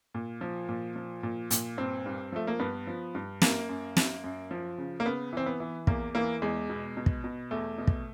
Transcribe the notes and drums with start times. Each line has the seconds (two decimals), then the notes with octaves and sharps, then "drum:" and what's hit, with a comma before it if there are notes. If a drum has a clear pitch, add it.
0.14 A#2
0.41 F3
0.69 A#2
0.96 F3
1.23 A#2
1.51 A#2, drum: hi-hat
1.77 G2 C4
2.06 G2
2.32 F3 A3
2.47 A#3
2.59 G2 B3
2.87 F3
3.15 G2
3.42 F#2 A#3, drum: snare
3.69 F#2
3.97 F#2, drum: snare
4.24 F#2
4.51 F3
4.78 C#3
5.00 A#3
5.05 C#3 B3
5.33 E3 C4
5.46 B3
5.60 E3
5.87 E2 A#3, drum: kick
6.15 E3 A#3
6.42 E2 G#3
6.69 B2
6.97 B2
7.06 drum: kick
7.24 B2
7.51 E2 A3
7.78 B2
7.87 drum: kick